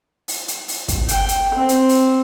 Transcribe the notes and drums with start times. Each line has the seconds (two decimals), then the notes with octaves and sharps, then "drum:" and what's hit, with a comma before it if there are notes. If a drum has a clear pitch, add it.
0.28 drum: open hi-hat
0.48 drum: hi-hat
0.68 drum: open hi-hat
0.88 drum: kick, hi-hat
1.08 G5, drum: hi-hat
1.29 drum: hi-hat
1.55 C4
1.69 drum: hi-hat
1.89 drum: open hi-hat